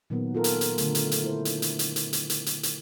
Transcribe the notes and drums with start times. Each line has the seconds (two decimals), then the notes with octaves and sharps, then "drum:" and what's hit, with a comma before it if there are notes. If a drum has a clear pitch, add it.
0.10 A#2 D#3 F#3 A#3 B3
0.35 F4 A4 A#4
0.44 drum: hi-hat
0.61 drum: hi-hat
0.78 D3 A3, drum: hi-hat
0.95 drum: hi-hat
1.12 drum: hi-hat
1.23 E4 C5
1.45 drum: hi-hat
1.62 drum: hi-hat
1.79 drum: hi-hat
1.96 drum: hi-hat
2.13 drum: hi-hat
2.30 drum: hi-hat
2.46 drum: hi-hat
2.63 drum: hi-hat